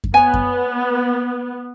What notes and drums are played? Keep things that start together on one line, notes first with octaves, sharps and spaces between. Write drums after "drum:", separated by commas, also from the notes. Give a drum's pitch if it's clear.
drum: kick F#2
B3 C#5 G#5
drum: kick F#2